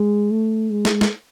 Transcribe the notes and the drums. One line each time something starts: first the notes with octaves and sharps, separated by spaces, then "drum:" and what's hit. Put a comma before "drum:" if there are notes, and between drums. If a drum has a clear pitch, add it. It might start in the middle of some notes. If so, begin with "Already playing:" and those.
Already playing: G#3
A3
G#3
drum: snare
drum: snare